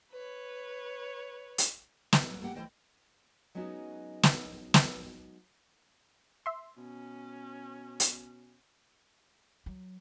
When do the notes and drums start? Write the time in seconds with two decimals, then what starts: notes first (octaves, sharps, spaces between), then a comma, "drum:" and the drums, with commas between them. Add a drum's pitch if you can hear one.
0.12 B4 C#5
1.58 drum: hi-hat
2.13 D#4, drum: snare
2.29 F#3 A#3
2.41 A3 A#3 G4 F#5 G5
2.55 E3 G#3 A3 C5 D#5 G5
3.55 F#3 G#3 B3 C#4 D#4 F#4
4.23 drum: snare
4.74 drum: snare
6.46 E5 C6
6.78 B2 C#4
8.00 drum: hi-hat
9.66 F#3